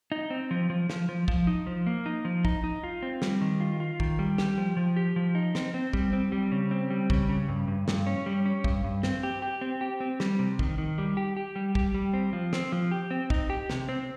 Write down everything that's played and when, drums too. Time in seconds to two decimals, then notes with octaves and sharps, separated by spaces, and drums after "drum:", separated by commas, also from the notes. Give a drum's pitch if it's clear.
0.12 D#4
0.30 C4
0.51 F3
0.70 F3
0.90 F3, drum: snare
1.09 F3
1.28 F3, drum: kick
1.47 D#4
1.66 F3
1.87 A#3
2.06 D#4
2.25 F3
2.45 D#4, drum: kick
2.64 D#4
2.84 F4
3.02 C4
3.22 G3, drum: snare
3.41 D#3
3.61 F4
3.80 F4
4.00 D#3, drum: kick
4.19 G3
4.38 G4, drum: snare
4.58 F3
4.77 F3
4.96 G4
5.16 F3
5.35 D#4
5.55 C4, drum: snare
5.74 C4
5.93 G3, drum: kick
6.13 C4
6.32 G3
6.52 C#3
6.71 C4
6.90 G3
7.10 C#3, drum: kick
7.29 C#3
7.48 G2
7.68 G2
7.88 G2, drum: snare
8.07 C#4
8.26 G3
8.46 C#4
8.64 G2, drum: kick
8.84 G2
9.03 C4, drum: snare
9.23 G4
9.42 G4
9.61 C4
9.81 G4
10.00 C4
10.20 G3, drum: snare
10.39 C3
10.59 D#3, drum: kick
10.78 D#3
10.98 G3
11.17 G4
11.37 G4
11.56 G3
11.75 G4, drum: kick
11.94 G3
12.13 C4
12.33 F3
12.53 C4, drum: snare
12.72 F3
12.91 G4
13.11 C4
13.30 D#4, drum: kick
13.50 G4
13.70 C3, drum: snare
13.89 C4